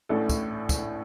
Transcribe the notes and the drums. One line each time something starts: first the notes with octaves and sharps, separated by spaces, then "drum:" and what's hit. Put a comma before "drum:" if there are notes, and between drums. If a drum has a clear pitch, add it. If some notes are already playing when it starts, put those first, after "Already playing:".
A1 A2 A3 D4 A4
drum: kick, tambourine
drum: kick, tambourine